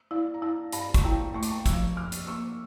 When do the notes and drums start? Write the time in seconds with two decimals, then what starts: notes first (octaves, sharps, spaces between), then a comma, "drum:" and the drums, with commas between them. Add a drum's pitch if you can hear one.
0.11 E4 D5 F5
0.34 A#5
0.42 E4 F5 A5
0.72 G2 F5 A5, drum: hi-hat
0.94 C#6, drum: kick, hi-hat
1.03 E4 G5 A#5
1.35 A3 C#6
1.43 D6, drum: hi-hat
1.50 A5 C#6
1.66 F3 C#6 E6, drum: kick, hi-hat
1.97 G2 D6 F6
2.12 drum: hi-hat
2.27 A#3 C#6 E6